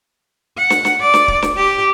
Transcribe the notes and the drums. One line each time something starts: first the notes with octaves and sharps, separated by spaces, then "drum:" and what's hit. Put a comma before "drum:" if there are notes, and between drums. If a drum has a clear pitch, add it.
F#5
drum: snare
drum: snare
D5
drum: snare
drum: kick D1
drum: snare
G4